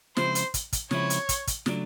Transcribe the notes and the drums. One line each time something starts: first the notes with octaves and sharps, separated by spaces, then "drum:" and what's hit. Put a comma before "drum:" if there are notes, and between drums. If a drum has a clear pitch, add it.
C#3 F3 G#3 C4 E4 C5, drum: snare
drum: hi-hat
drum: kick, hi-hat
drum: kick, hi-hat
C#3 F3 G#3 C4 E4 C#5, drum: snare
drum: hi-hat
drum: kick, hi-hat
drum: kick, hi-hat
C#3 F#3 A3 D4, drum: snare